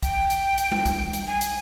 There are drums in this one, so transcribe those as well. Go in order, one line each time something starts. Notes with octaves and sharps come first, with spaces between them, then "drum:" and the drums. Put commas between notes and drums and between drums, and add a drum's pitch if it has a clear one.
G5, drum: kick, hi-hat
drum: hi-hat
drum: hi-hat
drum: tom G3
drum: kick, hi-hat
drum: hi-hat
G#5
drum: hi-hat